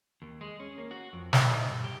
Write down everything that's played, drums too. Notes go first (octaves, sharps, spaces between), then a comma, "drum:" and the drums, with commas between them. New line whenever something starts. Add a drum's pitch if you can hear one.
D#2
G#3
C#4
A#3
F#4
F2
D#3, drum: snare
D#4
G2
G4